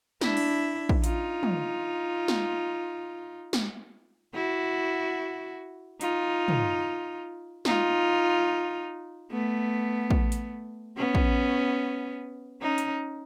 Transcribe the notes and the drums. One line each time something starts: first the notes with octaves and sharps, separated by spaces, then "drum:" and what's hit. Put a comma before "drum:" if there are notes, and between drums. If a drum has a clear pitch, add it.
D4 E4, drum: snare
drum: cymbal
drum: kick
D#4 F4, drum: hi-hat
drum: tom
drum: snare
drum: snare
E4 F#4
D#4 F4, drum: hi-hat
drum: tom
D#4 F4, drum: snare
A3 B3
drum: kick
drum: hi-hat
B3 C#4
drum: kick
C#4 D#4
drum: hi-hat